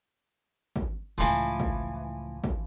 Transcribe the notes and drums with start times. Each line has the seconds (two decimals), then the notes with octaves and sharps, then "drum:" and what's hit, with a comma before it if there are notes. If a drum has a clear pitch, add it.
0.76 drum: kick
1.18 C#2 A2 E3 F3
1.60 drum: kick
2.44 drum: kick